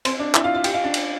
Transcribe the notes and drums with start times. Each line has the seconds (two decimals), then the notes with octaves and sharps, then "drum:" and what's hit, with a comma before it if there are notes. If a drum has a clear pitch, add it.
0.05 C4 C5, drum: cymbal
0.19 D4 D5
0.35 E4 E5, drum: clap
0.44 F4 F5
0.54 F4 F5
0.64 G4 G5, drum: cymbal
0.73 F4 F5
0.84 D4 D5
0.94 drum: cymbal